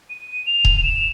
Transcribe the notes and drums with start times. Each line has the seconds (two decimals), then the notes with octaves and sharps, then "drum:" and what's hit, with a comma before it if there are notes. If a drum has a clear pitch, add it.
0.10 D#7
0.46 F7
0.65 drum: kick D#1
0.83 E7